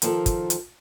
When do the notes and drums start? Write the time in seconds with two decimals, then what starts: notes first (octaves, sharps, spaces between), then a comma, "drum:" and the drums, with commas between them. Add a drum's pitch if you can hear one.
0.02 D#3 F3 A4 A#4, drum: hi-hat
0.26 drum: kick, hi-hat
0.50 drum: hi-hat